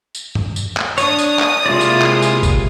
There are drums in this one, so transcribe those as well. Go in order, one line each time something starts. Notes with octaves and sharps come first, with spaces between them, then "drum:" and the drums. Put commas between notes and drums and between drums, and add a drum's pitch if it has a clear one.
drum: tambourine
drum: tom G2
drum: tambourine
drum: clap
D4 C#5 D#6, drum: tambourine
drum: tambourine
drum: clap
C3 G#3 A#3 E4 F4 D5
drum: tambourine
drum: clap
drum: tambourine
drum: kick G#1, tambourine